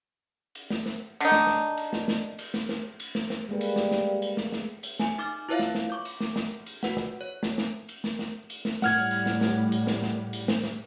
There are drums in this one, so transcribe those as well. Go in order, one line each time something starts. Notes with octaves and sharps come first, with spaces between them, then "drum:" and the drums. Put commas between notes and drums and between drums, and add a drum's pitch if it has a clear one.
drum: cymbal
drum: snare
drum: snare
D3 D#4
drum: snare
drum: snare
drum: cymbal
drum: snare
drum: snare
drum: cymbal
drum: snare
drum: snare
drum: cymbal
drum: snare
drum: snare
G3 G#3 A#3 B4
drum: cymbal
drum: snare
drum: snare
drum: cymbal
drum: snare
drum: snare
drum: cymbal
G#5, drum: snare
D#4 D6 F6 A6
E4 F4 B4 C#5 E5 F5
drum: snare
drum: snare
C#6 D6 G6
drum: cymbal
drum: snare
drum: snare
drum: cymbal
F#4 B4 F#5, drum: snare
drum: snare
C#5
drum: snare
drum: snare
drum: cymbal
drum: snare
drum: snare
drum: cymbal
drum: snare
A2 G3 F#5 F6 G#6, drum: snare
drum: cymbal
drum: snare
drum: snare
drum: cymbal
drum: snare
drum: snare
drum: cymbal
drum: snare
drum: snare